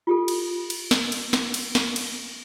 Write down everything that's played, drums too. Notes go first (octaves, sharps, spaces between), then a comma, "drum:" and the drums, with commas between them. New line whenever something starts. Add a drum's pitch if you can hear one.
F4 G4 A4
drum: cymbal
drum: cymbal
drum: snare
drum: cymbal
drum: snare
drum: cymbal
drum: snare
drum: cymbal